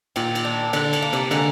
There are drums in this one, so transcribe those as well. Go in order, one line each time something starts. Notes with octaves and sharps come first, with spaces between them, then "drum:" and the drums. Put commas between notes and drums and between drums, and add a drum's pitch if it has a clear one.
A#2 D#3, drum: cymbal
drum: cymbal
D4
D3 D4, drum: cymbal
drum: cymbal
A#3
C3, drum: cymbal
D3 G#3, drum: cymbal